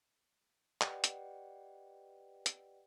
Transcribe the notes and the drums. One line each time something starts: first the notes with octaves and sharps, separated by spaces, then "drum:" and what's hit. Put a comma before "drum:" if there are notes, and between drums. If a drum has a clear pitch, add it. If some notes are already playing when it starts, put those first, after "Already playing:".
G4 B4 D5 D#5 F#5 G5, drum: clap
drum: hi-hat
drum: hi-hat